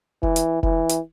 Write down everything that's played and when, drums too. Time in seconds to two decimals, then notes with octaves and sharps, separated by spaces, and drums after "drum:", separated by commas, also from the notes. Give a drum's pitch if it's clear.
0.23 E3, drum: kick F1
0.36 drum: hi-hat
0.63 E3, drum: kick F1
0.90 drum: hi-hat